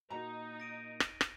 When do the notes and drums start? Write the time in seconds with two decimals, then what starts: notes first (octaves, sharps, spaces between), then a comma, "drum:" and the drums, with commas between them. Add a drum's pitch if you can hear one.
0.10 A#2 A#3 D#4 F#4 A#5
0.60 A#6 D7 D#7
1.00 drum: rim click
1.21 drum: rim click